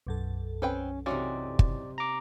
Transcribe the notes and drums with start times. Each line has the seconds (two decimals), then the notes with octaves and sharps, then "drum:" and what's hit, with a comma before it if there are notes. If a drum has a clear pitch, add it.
0.07 B1 F#2 A4
0.62 C4 C#4 B4 G5
1.06 C3 E3 C#4 D#4 F#4 D5 C6
1.59 drum: kick
1.98 A#5 D6